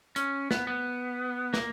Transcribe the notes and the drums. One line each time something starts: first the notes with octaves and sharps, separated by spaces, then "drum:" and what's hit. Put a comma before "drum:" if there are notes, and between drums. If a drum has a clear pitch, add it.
C#4, drum: hi-hat
B3, drum: snare
B3
A#3, drum: snare